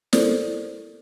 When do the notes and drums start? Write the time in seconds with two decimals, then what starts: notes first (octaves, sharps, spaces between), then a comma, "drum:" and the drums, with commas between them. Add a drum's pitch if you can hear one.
0.13 E4 A4 A#4 C5 D5, drum: snare